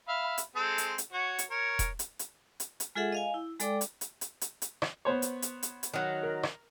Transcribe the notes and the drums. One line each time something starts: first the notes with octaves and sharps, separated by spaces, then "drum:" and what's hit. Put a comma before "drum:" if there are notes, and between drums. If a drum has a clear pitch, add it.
E5 F5 B5
drum: hi-hat
G#3 C4 A4
drum: hi-hat
drum: hi-hat
F#4 C#5
drum: hi-hat
A#4 C#5
drum: kick E1, hi-hat
drum: hi-hat
drum: hi-hat
drum: hi-hat
drum: hi-hat
G#3 F4 G#4 A4 E5 F#5
D#5 F5 G#5
E4
G#3 A4 D5 G5 D6, drum: hi-hat
drum: hi-hat
drum: hi-hat
drum: hi-hat
drum: hi-hat
drum: hi-hat
drum: rim click
B3 C5 C#5
drum: hi-hat
drum: hi-hat
drum: hi-hat
drum: hi-hat
D#3 F#3
A#4
drum: rim click